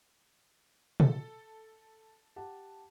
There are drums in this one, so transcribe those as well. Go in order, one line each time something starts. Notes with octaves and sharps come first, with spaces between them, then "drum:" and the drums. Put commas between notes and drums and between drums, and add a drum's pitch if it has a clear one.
A4, drum: tom
G4 F#5 A5